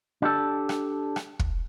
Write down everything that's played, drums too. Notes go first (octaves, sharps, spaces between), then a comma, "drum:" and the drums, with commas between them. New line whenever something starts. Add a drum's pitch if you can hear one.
D4 G4 A4
drum: rim click
drum: rim click
drum: kick